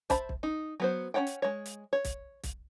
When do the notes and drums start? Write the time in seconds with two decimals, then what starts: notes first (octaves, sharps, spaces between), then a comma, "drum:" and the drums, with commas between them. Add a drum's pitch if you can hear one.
0.10 C5 E5 A5 B5, drum: kick, hi-hat
0.29 drum: kick
0.43 D#4
0.80 F#3 B3 C5
1.14 C#4 E4 C#5 F#5 G5
1.27 drum: hi-hat
1.42 G#3 C#5
1.66 drum: hi-hat
1.93 C#5
2.05 drum: kick, hi-hat
2.43 drum: kick, hi-hat